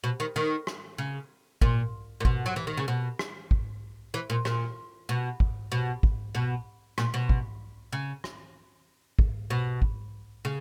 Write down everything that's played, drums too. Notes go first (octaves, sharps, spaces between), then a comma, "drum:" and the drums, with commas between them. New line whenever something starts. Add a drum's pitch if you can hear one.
B2
D#3
D#3
drum: rim click
C#3
A#2, drum: kick
A#2
B2, drum: kick
F#3
E3
D#3
C#3
B2
drum: rim click
drum: kick
E3
A#2
A#2, drum: rim click
B2
drum: kick
B2
drum: kick
B2
A#2, drum: rim click
B2
drum: kick
C#3
drum: rim click
drum: kick
B2
drum: kick
C#3